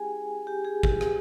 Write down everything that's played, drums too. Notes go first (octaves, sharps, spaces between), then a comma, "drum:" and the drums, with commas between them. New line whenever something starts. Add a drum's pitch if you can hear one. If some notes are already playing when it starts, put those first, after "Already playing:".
Already playing: G#3 C#4 E4 G4 G#4 G5 G#5
G4
G#4
G4, drum: kick G1
G#4, drum: rim click